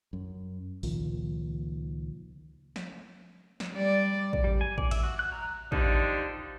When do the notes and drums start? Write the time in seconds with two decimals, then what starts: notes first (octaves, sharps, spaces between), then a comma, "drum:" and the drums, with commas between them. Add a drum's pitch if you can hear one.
0.13 F#2
0.83 C#2 A#2 D#3 F3, drum: open hi-hat
2.76 drum: snare
3.60 drum: snare
3.73 G3 D5
4.33 drum: kick
4.44 G3
4.61 G#5
4.78 D5, drum: kick
4.91 E5, drum: cymbal
5.03 F#4
5.19 F#6
5.32 A#5
5.72 D3 F3 G3 D4 D#4, drum: kick